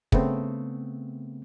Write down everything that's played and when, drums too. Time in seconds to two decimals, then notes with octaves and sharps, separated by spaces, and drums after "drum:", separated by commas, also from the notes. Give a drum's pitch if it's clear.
0.12 C#3 A3 B3 C4, drum: kick